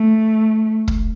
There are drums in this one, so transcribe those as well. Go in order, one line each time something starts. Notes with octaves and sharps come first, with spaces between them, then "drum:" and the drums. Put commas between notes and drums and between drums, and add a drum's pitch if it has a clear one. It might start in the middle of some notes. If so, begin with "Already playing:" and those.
Already playing: A3
drum: kick